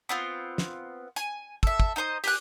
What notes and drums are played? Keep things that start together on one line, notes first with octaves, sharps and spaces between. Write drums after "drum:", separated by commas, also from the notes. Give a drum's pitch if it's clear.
B3 C4 F4
drum: snare
G#5, drum: hi-hat
A4 E5, drum: kick
drum: kick
D#4 A4 C5 D#5
G4 G#5 F#6, drum: open hi-hat